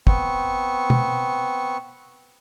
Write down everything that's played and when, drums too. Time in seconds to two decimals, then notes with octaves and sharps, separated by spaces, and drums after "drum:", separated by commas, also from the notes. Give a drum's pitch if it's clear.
0.07 B3 C4 C#6, drum: kick
0.90 drum: tom